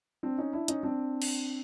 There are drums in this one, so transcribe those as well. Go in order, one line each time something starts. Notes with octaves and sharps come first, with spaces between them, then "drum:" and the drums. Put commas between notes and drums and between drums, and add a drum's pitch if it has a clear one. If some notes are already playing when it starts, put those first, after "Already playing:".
C4 D4
C#4 D#4
D4 E4
C#4 D#4, drum: hi-hat
C4 D4
drum: cymbal